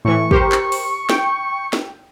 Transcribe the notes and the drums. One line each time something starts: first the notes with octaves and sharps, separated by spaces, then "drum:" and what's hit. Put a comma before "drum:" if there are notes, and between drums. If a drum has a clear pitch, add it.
A2 E3 C#6
G4 A#4 C5, drum: kick
drum: clap
drum: open hi-hat
G5, drum: snare
drum: snare